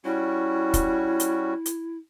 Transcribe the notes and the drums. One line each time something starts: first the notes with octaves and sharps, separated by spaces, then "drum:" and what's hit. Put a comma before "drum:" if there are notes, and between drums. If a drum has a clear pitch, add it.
G3 C#4 E4 F#4
drum: kick, hi-hat
drum: hi-hat
drum: hi-hat